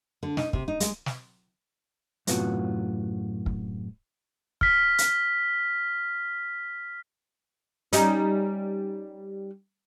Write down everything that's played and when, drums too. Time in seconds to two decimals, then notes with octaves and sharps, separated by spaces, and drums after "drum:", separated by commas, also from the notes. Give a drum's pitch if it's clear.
0.23 D3
0.37 D#4, drum: snare
0.53 C3, drum: kick
0.68 D#4
0.80 G#3, drum: hi-hat
1.06 drum: snare
2.27 F#2 A2 C3 B3 F4 F#4, drum: hi-hat
3.46 drum: kick
4.61 F6 B6, drum: kick
4.98 drum: hi-hat
7.93 G3 C#4 D#4, drum: hi-hat